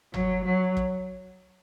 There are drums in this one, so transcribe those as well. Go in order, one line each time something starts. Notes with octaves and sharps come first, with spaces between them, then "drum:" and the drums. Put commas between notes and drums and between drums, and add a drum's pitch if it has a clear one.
F#3, drum: tom G1
F#3
drum: kick